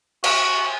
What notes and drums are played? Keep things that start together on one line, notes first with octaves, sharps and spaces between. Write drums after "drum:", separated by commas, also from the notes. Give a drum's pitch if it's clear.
F#4, drum: cymbal